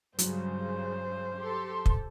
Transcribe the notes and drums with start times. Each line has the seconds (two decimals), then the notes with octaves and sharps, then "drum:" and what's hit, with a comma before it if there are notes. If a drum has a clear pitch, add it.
0.19 G2 C#3 F#3 C5, drum: hi-hat
1.37 G4 A4 C6
1.86 drum: kick